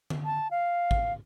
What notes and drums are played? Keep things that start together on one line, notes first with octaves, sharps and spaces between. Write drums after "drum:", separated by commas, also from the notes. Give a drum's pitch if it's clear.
drum: tom D3
A5
F5
drum: kick